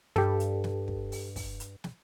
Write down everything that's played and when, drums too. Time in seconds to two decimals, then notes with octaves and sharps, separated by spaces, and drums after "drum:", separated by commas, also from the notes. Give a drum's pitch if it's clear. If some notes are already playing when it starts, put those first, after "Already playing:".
0.16 G2 G4 A4, drum: snare
0.40 drum: hi-hat
0.64 drum: snare
0.88 drum: kick
1.12 drum: open hi-hat
1.36 drum: kick, open hi-hat
1.60 drum: hi-hat
1.84 drum: snare